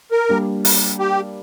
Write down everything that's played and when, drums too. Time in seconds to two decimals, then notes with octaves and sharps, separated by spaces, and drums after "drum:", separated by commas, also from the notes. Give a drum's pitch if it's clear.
0.12 A#4
0.29 G3 A#3 D4
0.65 drum: open hi-hat
0.99 G4